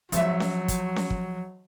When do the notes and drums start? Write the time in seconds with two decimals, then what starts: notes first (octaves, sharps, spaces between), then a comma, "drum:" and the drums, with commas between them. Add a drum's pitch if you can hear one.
0.12 G#1 F3 F#3 E5, drum: hi-hat
0.40 drum: snare C#4
0.68 drum: kick, hi-hat
0.96 drum: snare C#4
1.10 drum: kick